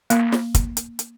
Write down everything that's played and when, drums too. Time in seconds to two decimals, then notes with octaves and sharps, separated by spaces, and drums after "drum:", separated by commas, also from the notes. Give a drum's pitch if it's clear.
0.10 A#3, drum: hi-hat
0.32 drum: snare
0.54 drum: kick, hi-hat
0.77 drum: hi-hat
0.99 drum: hi-hat